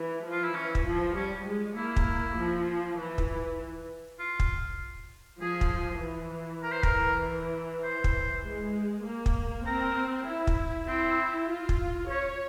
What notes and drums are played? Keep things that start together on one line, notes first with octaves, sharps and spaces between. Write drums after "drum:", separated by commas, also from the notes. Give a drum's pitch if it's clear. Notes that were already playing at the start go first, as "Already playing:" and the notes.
Already playing: E3
F3
F4
E4
E3 C#4
drum: kick
F3
G3 C#4
G#3
A#3 E4
drum: kick
F3
E3
drum: kick
F4
drum: kick
F3 G#4
drum: kick
E3
A#4
C5
A#4, drum: kick
C5
drum: kick
G#3
A#3
drum: kick
C4 A#4
E4
drum: kick
C4 E4
F4
drum: kick
C#4 C#5